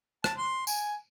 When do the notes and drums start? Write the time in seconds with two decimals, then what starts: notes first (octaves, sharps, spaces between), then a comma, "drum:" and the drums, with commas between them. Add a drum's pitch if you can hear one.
0.24 A5, drum: rim click
0.38 C6
0.67 G#5, drum: tambourine